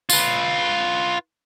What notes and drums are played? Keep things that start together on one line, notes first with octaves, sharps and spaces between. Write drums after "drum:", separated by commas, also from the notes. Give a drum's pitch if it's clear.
F4 B4, drum: tambourine